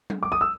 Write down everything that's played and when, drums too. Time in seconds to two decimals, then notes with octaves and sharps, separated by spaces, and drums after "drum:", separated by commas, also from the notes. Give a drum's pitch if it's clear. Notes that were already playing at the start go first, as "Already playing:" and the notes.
0.10 drum: tom F#3
0.23 D6
0.32 D#6
0.41 E6